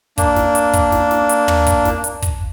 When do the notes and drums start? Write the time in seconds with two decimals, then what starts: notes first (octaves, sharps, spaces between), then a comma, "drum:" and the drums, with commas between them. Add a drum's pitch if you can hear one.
0.18 A#3 D4, drum: kick, hi-hat
0.36 drum: snare
0.55 drum: hi-hat
0.73 drum: kick, hi-hat
0.92 drum: snare
1.11 drum: snare
1.29 drum: hi-hat
1.48 drum: tom
1.67 drum: kick, hi-hat
1.85 drum: snare
2.04 drum: hi-hat
2.22 drum: kick, hi-hat